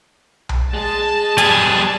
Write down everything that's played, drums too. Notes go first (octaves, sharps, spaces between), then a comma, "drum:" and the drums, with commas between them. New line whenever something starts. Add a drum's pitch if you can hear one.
drum: tom B1
G#3 G#4 A5
F#3 G3 B3 G#4 G#5, drum: hi-hat